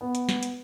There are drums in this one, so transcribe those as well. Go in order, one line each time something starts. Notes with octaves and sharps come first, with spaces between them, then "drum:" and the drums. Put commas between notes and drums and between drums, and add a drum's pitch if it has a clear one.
B3
drum: hi-hat
drum: snare
drum: hi-hat